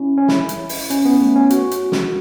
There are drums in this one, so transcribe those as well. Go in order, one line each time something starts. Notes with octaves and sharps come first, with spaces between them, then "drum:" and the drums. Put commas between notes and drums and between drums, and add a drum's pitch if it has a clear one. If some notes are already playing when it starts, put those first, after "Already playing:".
Already playing: C#4 E4
C#4
E4, drum: snare
drum: hi-hat
drum: open hi-hat
C#4, drum: hi-hat
B3
A3
C#4
F#4, drum: hi-hat
drum: hi-hat
drum: snare